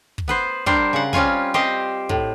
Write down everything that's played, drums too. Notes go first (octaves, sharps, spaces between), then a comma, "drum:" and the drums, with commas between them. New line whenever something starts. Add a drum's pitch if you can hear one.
drum: kick
B3 B4 C5
G3 D4 A#4 C5, drum: kick
C#3 F#5
G3 C4 C#4 F4 G#5, drum: kick
C4 G4 C5 D#5
A2, drum: kick